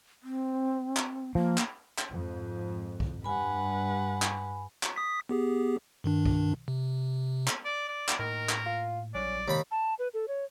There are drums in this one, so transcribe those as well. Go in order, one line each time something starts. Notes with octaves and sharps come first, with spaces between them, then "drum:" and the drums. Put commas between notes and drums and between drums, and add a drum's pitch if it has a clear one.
C4
drum: clap
F3 A#3
drum: clap
drum: clap
F2 G#2
drum: kick C2
G2 G3 B4 F#5 G#5 B5
drum: clap
drum: clap
D#6 B6
B3 G4 G#4
G2 D#3 D4
drum: kick C2
C3
drum: clap
D5
D5
drum: clap
A2 D#3 A#3 A#4
drum: clap
F4
A#1 F#3 G3 C#4 D5
D#2 C3 G#3 D#4 B5
A5
B4
A4
C#5